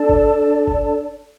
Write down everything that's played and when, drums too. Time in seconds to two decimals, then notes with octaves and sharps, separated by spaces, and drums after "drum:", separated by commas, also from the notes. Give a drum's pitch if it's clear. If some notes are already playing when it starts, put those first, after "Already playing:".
Already playing: D4 A4 D5 A5
0.09 drum: kick G1
0.67 drum: kick G1